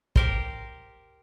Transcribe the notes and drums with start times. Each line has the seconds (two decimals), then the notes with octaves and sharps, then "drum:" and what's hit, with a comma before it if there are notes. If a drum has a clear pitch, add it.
0.16 G4 A#4 C5, drum: kick